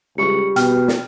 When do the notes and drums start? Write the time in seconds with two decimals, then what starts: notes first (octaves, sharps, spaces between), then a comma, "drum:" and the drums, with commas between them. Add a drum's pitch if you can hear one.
0.18 C#2 G3 C#6 C#7
0.56 B2 G5 F6, drum: hi-hat
0.88 drum: snare